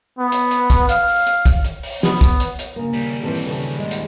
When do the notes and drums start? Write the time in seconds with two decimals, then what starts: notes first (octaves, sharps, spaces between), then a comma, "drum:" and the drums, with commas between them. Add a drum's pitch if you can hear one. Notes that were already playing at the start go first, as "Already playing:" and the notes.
0.19 B3
0.32 drum: hi-hat
0.51 drum: hi-hat
0.70 drum: kick, hi-hat
0.89 F5, drum: hi-hat
1.08 drum: open hi-hat
1.27 drum: hi-hat
1.46 drum: kick, hi-hat
1.64 drum: hi-hat
1.83 drum: open hi-hat
2.03 B3, drum: snare
2.21 drum: kick, hi-hat
2.40 drum: hi-hat
2.59 drum: hi-hat
2.76 C#3 A#3
2.93 D#2 G3
3.23 E3 C4 A4
3.35 drum: open hi-hat
3.47 C#3 A4
3.79 G#3
3.91 drum: hi-hat